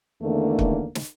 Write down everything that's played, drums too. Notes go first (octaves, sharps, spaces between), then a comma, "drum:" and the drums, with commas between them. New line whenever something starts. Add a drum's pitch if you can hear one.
E2 D3 D#3 A3 A#3
drum: kick
drum: snare